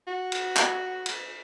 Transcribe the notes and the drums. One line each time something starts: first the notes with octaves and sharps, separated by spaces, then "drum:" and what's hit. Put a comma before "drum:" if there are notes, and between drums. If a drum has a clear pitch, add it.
F#4
drum: cymbal
drum: clap
drum: cymbal